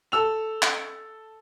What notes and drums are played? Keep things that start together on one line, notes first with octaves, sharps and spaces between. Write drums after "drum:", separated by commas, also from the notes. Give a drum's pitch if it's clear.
A4 E6 F7
drum: clap